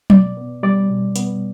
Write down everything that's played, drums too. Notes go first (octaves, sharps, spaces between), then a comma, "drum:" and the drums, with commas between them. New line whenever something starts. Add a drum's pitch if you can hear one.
B2 D5, drum: tom
B3
G3 D5
B2
B3, drum: hi-hat